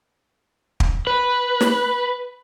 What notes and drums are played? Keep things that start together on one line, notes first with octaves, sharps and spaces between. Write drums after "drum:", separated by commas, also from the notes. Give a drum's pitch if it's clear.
drum: kick
B4
drum: snare